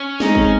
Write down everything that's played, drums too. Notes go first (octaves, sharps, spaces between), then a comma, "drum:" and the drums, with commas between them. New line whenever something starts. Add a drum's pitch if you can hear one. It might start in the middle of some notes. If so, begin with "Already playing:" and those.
Already playing: C#4
G#3 C4 D#4 G#4 D#5, drum: snare
drum: kick G1